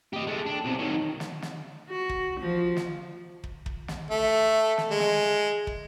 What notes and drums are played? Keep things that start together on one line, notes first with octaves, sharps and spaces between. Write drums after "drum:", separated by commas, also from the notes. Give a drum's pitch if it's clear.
G4 D#5
G#3 A3
D4
B1 C3
D#3 F#3
drum: snare
drum: snare
F#4
drum: kick
F3
drum: snare
drum: kick
drum: kick
drum: snare
A3
drum: snare
G#3
drum: snare
drum: kick